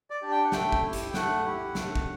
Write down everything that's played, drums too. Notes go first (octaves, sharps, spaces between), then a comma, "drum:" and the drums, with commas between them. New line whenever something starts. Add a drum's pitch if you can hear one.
D5
D4 G4
G5
F#5
A3 G5, drum: snare
drum: kick
E4 G4
drum: hi-hat
A3 F#5, drum: snare
E4 G4
A3, drum: snare
drum: kick